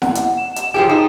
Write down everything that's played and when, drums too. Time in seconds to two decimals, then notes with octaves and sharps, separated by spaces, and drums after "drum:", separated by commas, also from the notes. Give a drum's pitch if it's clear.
0.02 F#5, drum: snare E4
0.15 drum: hi-hat
0.38 E7
0.56 drum: hi-hat
0.74 F3 F#3 G4 G#4
0.89 D#4